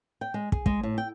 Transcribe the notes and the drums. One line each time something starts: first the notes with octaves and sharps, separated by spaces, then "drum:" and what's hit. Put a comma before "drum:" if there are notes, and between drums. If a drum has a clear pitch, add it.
G5
G#3
G#4, drum: kick
G#3, drum: kick
A2
G5